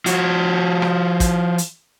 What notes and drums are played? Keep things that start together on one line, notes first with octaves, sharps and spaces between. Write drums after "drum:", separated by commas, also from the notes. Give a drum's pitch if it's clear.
F3 F#4, drum: hi-hat
drum: rim click
drum: kick, hi-hat
drum: hi-hat